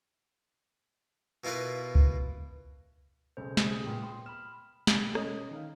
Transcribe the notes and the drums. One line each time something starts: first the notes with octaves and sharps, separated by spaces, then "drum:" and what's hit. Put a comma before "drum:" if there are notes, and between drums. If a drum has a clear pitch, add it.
B2 E4 F4 A#4 B4
drum: kick C#2
B1 C#3 A4 C5
G#4, drum: snare
A#2 B3 G5
C6 D#6
B5 F6 E7
B2, drum: snare
C#4 D#5, drum: rim click
D#3 D#4 F5